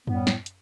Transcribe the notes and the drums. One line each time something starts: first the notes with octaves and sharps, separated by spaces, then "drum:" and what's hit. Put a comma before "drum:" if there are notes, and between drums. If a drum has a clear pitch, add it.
A2 G3 B3, drum: tom F#2
drum: snare
drum: hi-hat